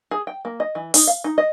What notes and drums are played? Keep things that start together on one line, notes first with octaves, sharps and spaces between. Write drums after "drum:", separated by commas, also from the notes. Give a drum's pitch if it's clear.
G#4
G5
A#3
D#5
E3
D#4, drum: open hi-hat
F5
D#4
D#5